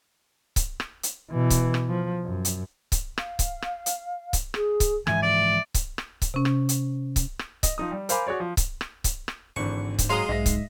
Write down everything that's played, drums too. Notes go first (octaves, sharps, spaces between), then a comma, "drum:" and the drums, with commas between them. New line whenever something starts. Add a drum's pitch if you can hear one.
drum: kick C#1, hi-hat
drum: rim click
drum: hi-hat
B2 E3
drum: kick C#1, hi-hat
drum: rim click
F3
F#2
drum: hi-hat
drum: kick C#1, hi-hat
F5, drum: rim click
drum: kick C#1, hi-hat
drum: rim click
drum: hi-hat
drum: kick C#1, hi-hat
G#4, drum: rim click
drum: kick C#1, hi-hat
G#2 E3 F3 E5 G#5, drum: rim click
D5
drum: kick C#1, hi-hat
drum: rim click
drum: kick C#1, hi-hat
C3 C#4
drum: rim click
drum: hi-hat
drum: kick C#1, hi-hat
drum: rim click
D#5, drum: kick C#1, hi-hat
F3 D#4 D#6
G3
A#4 C5 F5 G#5 B5 D6, drum: hi-hat
F#4 G#4 C#5 D5
F3
drum: kick C#1, hi-hat
drum: rim click
drum: kick C#1, hi-hat
drum: rim click
G#1 G#2 D3 E3 C#6
drum: kick C#1, hi-hat
F#3 G#3 F5 A#5 C6 D#6
B1 G#2 D#5 E5 A#6
drum: kick C#1, hi-hat